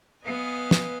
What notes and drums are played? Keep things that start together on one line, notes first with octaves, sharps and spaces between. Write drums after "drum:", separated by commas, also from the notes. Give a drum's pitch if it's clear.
B3 B4 D#5 F5 G#5
drum: snare